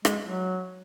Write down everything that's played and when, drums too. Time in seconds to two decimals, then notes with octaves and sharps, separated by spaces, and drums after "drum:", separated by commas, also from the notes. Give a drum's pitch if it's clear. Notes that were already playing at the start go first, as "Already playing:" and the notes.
0.05 G#3, drum: rim click
0.23 F#3